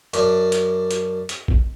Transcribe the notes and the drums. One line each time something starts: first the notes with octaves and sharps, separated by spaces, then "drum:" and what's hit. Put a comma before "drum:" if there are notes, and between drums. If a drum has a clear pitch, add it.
F#2 D4, drum: hi-hat
drum: hi-hat
drum: hi-hat
drum: hi-hat
drum: kick